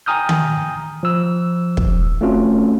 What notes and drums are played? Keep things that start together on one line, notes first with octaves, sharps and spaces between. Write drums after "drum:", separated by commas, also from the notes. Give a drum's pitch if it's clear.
G5 G#5 A#5 D#6 F6 G6
drum: tom D#3
F3 E6
drum: kick
A3 C4 C#4 F4 F#4 A4